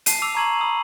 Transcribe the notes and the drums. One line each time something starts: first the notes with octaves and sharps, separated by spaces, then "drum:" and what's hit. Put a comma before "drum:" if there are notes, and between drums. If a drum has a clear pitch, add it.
A5 C7 D#7, drum: hi-hat
D6 E6 F7
A5 A#5 C#6 G#6 D#7 F#7
B5 D#6 F7